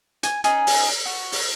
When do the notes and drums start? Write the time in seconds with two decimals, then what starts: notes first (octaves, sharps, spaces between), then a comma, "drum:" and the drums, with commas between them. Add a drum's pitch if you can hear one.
0.23 G#5, drum: hi-hat
0.44 C#4 D#4 G#4, drum: hi-hat
0.67 drum: open hi-hat
1.05 F#4
1.32 drum: open hi-hat